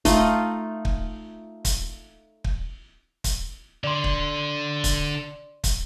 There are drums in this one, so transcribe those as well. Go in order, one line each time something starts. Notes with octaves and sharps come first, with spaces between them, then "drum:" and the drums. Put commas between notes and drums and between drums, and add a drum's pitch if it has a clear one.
A3 D#4 F4 D#5, drum: kick, hi-hat
drum: kick
drum: kick, hi-hat
drum: kick
drum: kick, hi-hat
D3 D5 C6
drum: kick
drum: kick, hi-hat
drum: kick, hi-hat